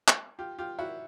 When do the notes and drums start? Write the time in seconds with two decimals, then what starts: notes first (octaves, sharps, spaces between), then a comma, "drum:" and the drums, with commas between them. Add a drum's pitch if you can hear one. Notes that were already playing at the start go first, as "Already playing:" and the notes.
0.08 drum: clap
0.39 F4 G4
0.58 F4 G4
0.79 E4 F#4